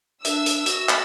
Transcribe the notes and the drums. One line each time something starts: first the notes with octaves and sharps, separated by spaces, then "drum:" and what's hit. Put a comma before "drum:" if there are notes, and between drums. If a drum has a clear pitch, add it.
D4 E5 E6, drum: hi-hat
drum: hi-hat
F#4, drum: hi-hat
drum: clap